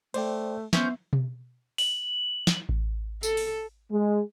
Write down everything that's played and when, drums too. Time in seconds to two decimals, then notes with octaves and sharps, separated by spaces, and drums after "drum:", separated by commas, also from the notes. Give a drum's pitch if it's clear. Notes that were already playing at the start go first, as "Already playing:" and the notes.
0.14 A3 C5 D5 G5, drum: cymbal
0.73 B3 C#4 C5 E5 G6, drum: snare
1.13 drum: tom B2
1.78 F#7, drum: open hi-hat
2.47 drum: snare
2.69 drum: kick A1
3.23 A4, drum: tambourine
3.37 drum: open hi-hat
3.92 G#3